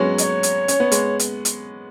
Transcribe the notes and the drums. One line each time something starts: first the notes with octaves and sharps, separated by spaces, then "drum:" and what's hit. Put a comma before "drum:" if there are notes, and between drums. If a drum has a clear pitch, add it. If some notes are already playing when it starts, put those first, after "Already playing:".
Already playing: F#3 G#3 B3 C#4
D#5, drum: hi-hat
C#5
drum: hi-hat
C#4, drum: hi-hat
B3
G#3, drum: hi-hat
drum: hi-hat
drum: hi-hat